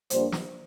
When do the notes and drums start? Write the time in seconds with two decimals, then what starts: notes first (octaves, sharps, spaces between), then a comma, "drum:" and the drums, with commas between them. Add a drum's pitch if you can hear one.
0.10 A#1 A#2 G3 A#3 D4 C5, drum: hi-hat
0.32 drum: snare